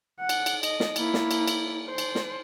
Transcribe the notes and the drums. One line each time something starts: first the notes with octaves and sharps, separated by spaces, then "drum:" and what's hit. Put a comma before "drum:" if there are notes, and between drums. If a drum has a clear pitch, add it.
F#5
drum: cymbal
drum: cymbal
D#5, drum: cymbal
drum: snare
A#3 E4, drum: cymbal
drum: snare
drum: cymbal
drum: cymbal
C5
drum: cymbal
drum: snare